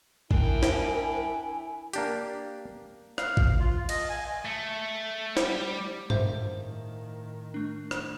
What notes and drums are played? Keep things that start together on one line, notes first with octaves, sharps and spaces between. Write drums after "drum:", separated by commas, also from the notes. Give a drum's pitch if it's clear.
D4 E4 A#4 G5 G#5, drum: kick A1
drum: snare
A#3 D4 G4, drum: hi-hat
F5, drum: rim click
drum: kick A1
F4
D#5, drum: cymbal
G#5
A3
G3, drum: snare
A2 D#3 C5 E5 F5, drum: tom G2
A3 D4
drum: rim click